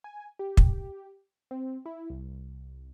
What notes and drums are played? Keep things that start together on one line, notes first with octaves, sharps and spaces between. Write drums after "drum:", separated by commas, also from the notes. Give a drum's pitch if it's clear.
G#5
G4
drum: kick
C4
E4
C2